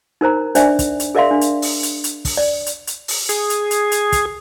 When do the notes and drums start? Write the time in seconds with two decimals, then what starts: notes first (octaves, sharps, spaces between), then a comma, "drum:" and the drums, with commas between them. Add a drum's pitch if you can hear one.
0.21 D#4 A#4 C5 A#5
0.55 D4 C5 D5 E5 G#5, drum: hi-hat
0.79 drum: kick, hi-hat
1.00 drum: hi-hat
1.15 G#4 A#4 D5 E5 F5 C6
1.31 D4
1.41 drum: hi-hat
1.62 drum: open hi-hat
1.83 drum: hi-hat
2.04 drum: hi-hat
2.25 drum: kick, open hi-hat
2.37 D5
2.66 drum: hi-hat
2.87 drum: hi-hat
3.08 drum: open hi-hat
3.29 G#4, drum: hi-hat
3.50 drum: hi-hat
3.71 drum: hi-hat
3.92 drum: hi-hat
4.12 drum: kick, hi-hat